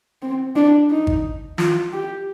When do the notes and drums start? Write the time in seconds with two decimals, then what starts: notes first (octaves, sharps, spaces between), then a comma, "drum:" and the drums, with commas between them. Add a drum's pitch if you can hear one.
0.22 C4
0.56 D4
0.90 D#4
1.07 drum: kick G#1
1.58 F4, drum: snare
1.92 G4